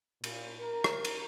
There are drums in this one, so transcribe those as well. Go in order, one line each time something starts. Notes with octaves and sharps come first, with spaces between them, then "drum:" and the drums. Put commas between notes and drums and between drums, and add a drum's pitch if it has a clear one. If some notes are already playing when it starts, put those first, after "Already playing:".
A#2, drum: cymbal
A#4
drum: rim click
drum: cymbal